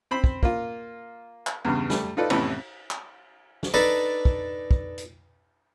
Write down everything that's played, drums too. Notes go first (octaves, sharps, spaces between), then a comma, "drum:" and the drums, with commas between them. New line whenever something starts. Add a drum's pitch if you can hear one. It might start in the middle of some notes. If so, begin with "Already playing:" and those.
C4 C5 B5
drum: kick
A#3 F4, drum: kick
drum: clap
E2 G2 C#3
G3 A3, drum: snare
D#4 F4 A4 B4 D5
F2 A2 C3 E3 B3 C#4, drum: cymbal
drum: clap
drum: snare
D4 D#4 A4 B4
drum: kick
drum: kick
drum: hi-hat